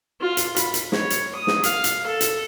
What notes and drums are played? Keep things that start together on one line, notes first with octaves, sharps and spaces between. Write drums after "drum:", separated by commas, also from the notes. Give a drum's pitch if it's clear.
F4
drum: hi-hat
B5, drum: hi-hat
drum: hi-hat
C#5, drum: snare
drum: hi-hat
D#6
drum: snare
F5, drum: hi-hat
drum: hi-hat
A4
drum: hi-hat